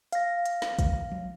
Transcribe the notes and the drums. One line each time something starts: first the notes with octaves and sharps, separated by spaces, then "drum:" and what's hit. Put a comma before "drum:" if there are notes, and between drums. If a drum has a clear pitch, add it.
F5 A#6, drum: hi-hat
drum: hi-hat
drum: snare
drum: kick, hi-hat
drum: tom F3